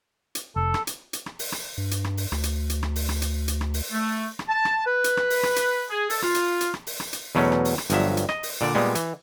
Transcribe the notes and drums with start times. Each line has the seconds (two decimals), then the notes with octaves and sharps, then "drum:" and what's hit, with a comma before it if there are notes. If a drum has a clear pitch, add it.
0.35 drum: hi-hat
0.56 F1 A4
0.74 drum: rim click
0.87 drum: hi-hat
1.13 drum: hi-hat
1.26 drum: rim click
1.39 drum: open hi-hat
1.52 drum: rim click
1.78 G2
1.91 drum: hi-hat
2.04 drum: rim click
2.17 drum: open hi-hat
2.32 D2, drum: rim click
2.43 drum: hi-hat
2.70 drum: hi-hat
2.83 drum: rim click
2.96 drum: open hi-hat
3.09 drum: rim click
3.22 drum: hi-hat
3.48 drum: hi-hat
3.61 drum: rim click
3.74 drum: open hi-hat
3.92 A3
4.39 drum: rim click
4.49 A5
4.65 drum: rim click
4.86 B4
5.04 drum: hi-hat
5.17 drum: rim click
5.30 drum: open hi-hat
5.43 drum: rim click
5.56 drum: hi-hat
5.90 G#4
6.10 A4, drum: open hi-hat
6.22 F4, drum: rim click
6.35 drum: hi-hat
6.61 drum: hi-hat
6.74 drum: rim click
6.87 drum: open hi-hat
7.00 drum: rim click
7.13 drum: hi-hat
7.35 E2 B2 F#3 A3 C#4
7.52 drum: rim click
7.65 drum: open hi-hat
7.78 drum: rim click
7.90 G1 G2 F3 F#3 E5, drum: hi-hat
8.17 drum: hi-hat
8.29 D#5, drum: rim click
8.43 drum: open hi-hat
8.61 A#2 D3 D5
8.75 A#2 G3 G#3 B3
8.95 E3, drum: hi-hat